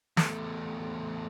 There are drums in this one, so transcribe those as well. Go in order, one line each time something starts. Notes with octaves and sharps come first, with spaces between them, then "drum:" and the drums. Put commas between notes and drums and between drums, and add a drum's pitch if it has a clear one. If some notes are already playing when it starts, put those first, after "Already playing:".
E2 A3, drum: snare